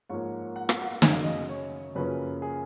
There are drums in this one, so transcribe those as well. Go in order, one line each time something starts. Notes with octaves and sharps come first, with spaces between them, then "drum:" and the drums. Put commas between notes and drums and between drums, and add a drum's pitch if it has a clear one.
G#2 F3 A#3 C#5
F#5
F5, drum: rim click
F#5
F#2 C#3 F#3 D#5, drum: snare
F5
D#5
C#5
F#2 C#3 F3 A#3 C#4 B4
G#4